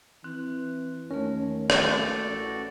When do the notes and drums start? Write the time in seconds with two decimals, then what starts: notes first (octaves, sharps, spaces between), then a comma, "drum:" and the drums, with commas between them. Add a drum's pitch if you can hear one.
0.24 E3 C4 F#6
1.11 D#2 A3 C#4 A#4
1.70 F#4 A4 D5, drum: rim click
2.29 A1